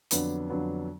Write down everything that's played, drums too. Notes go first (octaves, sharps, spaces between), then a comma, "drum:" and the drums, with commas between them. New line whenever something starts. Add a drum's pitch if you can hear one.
F2 D3 F#3 B3 D4, drum: hi-hat
F2 D3 F#3 B3 D4